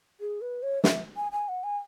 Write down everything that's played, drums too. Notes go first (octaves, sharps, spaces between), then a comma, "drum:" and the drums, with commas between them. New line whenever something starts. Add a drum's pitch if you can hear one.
G#4
B4
C#5
E5, drum: snare
G#5
G#5
F#5
G#5